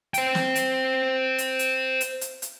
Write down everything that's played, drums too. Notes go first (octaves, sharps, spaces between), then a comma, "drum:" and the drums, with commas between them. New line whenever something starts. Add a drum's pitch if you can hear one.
C5 G5, drum: hi-hat
drum: snare
drum: hi-hat
drum: hi-hat
drum: hi-hat
drum: hi-hat
drum: hi-hat
drum: hi-hat